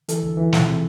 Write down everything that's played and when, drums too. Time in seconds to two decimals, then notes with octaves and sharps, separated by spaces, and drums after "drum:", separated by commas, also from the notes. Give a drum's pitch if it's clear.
0.09 E3 A4, drum: hi-hat
0.22 D2
0.37 E3
0.53 F3, drum: snare
0.67 C3